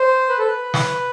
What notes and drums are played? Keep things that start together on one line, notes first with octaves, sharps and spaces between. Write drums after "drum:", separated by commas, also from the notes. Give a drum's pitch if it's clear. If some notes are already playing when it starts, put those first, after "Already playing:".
Already playing: C5
B4
A4
B4
drum: snare